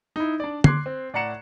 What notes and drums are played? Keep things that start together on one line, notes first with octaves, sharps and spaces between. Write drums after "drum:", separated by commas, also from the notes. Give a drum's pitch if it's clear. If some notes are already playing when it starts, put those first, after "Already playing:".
D#4 E4
D4 D5
C6 D6 F#6 G#6 C7, drum: tom D3
C4
A2 D5 F#5 A#5 C#7 E7